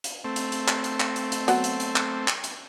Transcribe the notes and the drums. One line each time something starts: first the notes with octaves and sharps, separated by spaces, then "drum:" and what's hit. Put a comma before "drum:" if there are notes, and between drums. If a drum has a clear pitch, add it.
drum: hi-hat
A3 C4
drum: hi-hat
drum: hi-hat
drum: clap
drum: hi-hat
drum: clap
drum: hi-hat
drum: hi-hat
F#3 B3, drum: hi-hat
drum: hi-hat
drum: hi-hat
drum: clap
drum: clap
drum: hi-hat